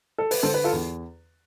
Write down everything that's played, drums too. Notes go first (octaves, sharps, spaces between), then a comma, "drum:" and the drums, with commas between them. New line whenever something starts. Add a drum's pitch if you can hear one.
A4
B4, drum: open hi-hat
D3 A4 C5
B4
F4 A4
E2